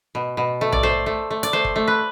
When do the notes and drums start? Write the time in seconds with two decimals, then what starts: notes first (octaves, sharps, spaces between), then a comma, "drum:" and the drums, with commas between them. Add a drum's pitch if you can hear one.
0.15 B2
0.37 B2
0.61 A3
0.72 D5, drum: tom A#1
0.83 A3 C5
1.06 A3
1.31 A3
1.43 D5, drum: hi-hat
1.53 A3 C5
1.65 drum: kick
1.76 A3
1.88 B4